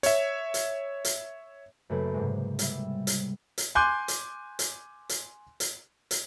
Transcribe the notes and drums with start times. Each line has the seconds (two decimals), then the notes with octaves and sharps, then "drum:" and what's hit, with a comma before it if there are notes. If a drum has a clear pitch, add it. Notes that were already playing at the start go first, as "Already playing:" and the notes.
0.03 C#5 E5, drum: hi-hat
0.54 drum: hi-hat
1.05 drum: hi-hat
1.90 F#2 C#3 A3 A#3 B4
2.14 G#2 C3 G#3
2.59 G3 E5, drum: hi-hat
3.07 drum: hi-hat
3.58 drum: hi-hat
3.75 G#5 C6 D6 F#6 G6
4.08 drum: hi-hat
4.59 drum: hi-hat
5.09 drum: hi-hat
5.60 drum: hi-hat
6.11 drum: hi-hat